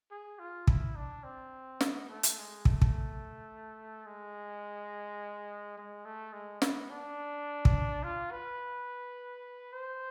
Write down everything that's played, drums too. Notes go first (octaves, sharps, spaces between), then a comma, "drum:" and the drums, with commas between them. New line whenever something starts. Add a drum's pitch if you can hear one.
G#4
F4
E4, drum: kick
D4
C4
B3, drum: snare
A3
drum: hi-hat
G#3
A3, drum: kick
drum: kick
G#3
G#3
A3
G#3
B3, drum: snare
D4
drum: kick
F4
B4
C5